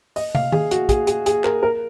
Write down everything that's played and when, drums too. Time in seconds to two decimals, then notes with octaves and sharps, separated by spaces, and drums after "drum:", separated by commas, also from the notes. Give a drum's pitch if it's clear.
0.16 D#5, drum: open hi-hat
0.35 F5, drum: tom
0.52 G#4, drum: tom D#3
0.71 F#4, drum: hi-hat
0.89 G#4, drum: kick, hi-hat
1.07 G#4, drum: hi-hat
1.26 G#4, drum: hi-hat
1.44 A#4, drum: clap
1.63 A#4